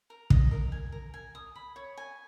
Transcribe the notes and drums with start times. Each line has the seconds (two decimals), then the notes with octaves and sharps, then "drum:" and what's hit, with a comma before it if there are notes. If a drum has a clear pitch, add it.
0.10 A#4
0.30 D#5, drum: kick
0.51 A#4
0.72 G#5
0.92 A#4
1.14 G#5
1.35 D#6
1.55 B5
1.76 C#5
1.97 G#5